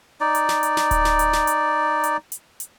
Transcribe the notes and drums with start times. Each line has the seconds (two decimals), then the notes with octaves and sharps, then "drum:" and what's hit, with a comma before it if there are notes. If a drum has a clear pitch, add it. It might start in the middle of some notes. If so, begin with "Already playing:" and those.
0.21 D#4 D5
0.35 drum: hi-hat
0.49 drum: snare
0.63 drum: hi-hat
0.77 drum: snare
0.91 drum: kick D1, hi-hat
1.05 drum: snare
1.19 drum: hi-hat
1.33 drum: snare
1.47 drum: hi-hat
2.04 drum: hi-hat
2.32 drum: hi-hat
2.60 drum: hi-hat